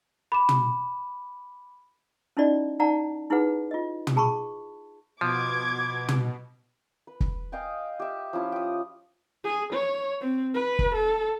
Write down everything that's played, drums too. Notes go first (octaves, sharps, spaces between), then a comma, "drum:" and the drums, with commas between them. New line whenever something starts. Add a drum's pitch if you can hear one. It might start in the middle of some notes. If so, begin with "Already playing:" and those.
B5 D6 E7
drum: tom
C#4 D#4 E4 F#4 D5 D#5
D#4 D5 F#5 A5 A#5
D#4 E4 F#4 G#4 B4 F#5
F4 D#5
drum: tom
G#4 A5 B5 C#6
B2 F3 D6 G#6
drum: tom
B4
drum: kick
D#5 F5 G5 G#5
G4 E5
F3 C#4 E4
G5 D#6
G#4
C#5
C4
B4
drum: kick
A4